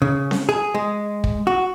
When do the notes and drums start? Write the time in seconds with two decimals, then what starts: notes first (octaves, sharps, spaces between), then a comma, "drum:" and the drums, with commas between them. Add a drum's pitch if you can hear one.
0.02 C#3
0.31 drum: snare C4
0.49 G#4
0.74 G#3
1.24 drum: kick
1.47 F#4